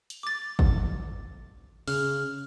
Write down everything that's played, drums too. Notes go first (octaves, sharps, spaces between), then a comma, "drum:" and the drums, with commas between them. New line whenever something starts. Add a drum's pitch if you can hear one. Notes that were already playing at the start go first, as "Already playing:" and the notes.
drum: hi-hat
D6 A6
drum: kick
C#3 F6, drum: open hi-hat